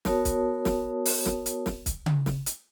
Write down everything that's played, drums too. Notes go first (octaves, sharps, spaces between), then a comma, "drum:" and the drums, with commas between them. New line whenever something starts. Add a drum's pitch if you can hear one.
B3 F#4 A#4 C#5 A5 D#6, drum: snare
drum: kick, hi-hat
drum: snare
drum: open hi-hat
drum: snare
drum: hi-hat
drum: snare
drum: kick, hi-hat
drum: tom C#3
drum: snare
drum: hi-hat